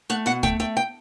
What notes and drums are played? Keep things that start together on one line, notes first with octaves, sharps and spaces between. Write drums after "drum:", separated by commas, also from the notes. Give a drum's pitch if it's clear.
A3 F#5
B2 F#5
A3 G5, drum: kick
A3 G5
G5